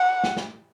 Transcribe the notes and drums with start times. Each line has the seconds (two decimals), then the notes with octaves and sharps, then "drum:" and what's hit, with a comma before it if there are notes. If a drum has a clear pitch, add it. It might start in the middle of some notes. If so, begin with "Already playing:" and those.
Already playing: F#5
0.24 drum: snare
0.37 drum: snare